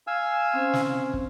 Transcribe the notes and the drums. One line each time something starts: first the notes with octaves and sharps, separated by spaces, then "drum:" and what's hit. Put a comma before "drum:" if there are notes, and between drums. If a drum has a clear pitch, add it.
F5 G#5 E6
C4 C#4 C5
drum: snare
drum: kick